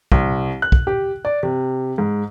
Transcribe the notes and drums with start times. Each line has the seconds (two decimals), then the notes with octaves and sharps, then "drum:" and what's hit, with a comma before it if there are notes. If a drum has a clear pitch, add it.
0.12 C2, drum: kick
0.62 F#6
0.72 drum: kick
0.87 G4
1.25 D5
1.43 C3
1.98 G#2